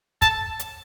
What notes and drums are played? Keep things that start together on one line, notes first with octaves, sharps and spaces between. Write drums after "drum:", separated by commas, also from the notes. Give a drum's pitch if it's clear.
A5, drum: kick, hi-hat
drum: hi-hat